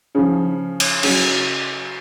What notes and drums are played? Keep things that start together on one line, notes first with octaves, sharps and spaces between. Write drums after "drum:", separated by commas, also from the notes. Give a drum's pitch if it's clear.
C#3 F3
drum: cymbal
C#3 F#3, drum: cymbal